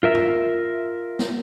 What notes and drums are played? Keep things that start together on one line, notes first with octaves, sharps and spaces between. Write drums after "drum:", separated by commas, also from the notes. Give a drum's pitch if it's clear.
F4 A#4 E5
drum: tom G2
drum: snare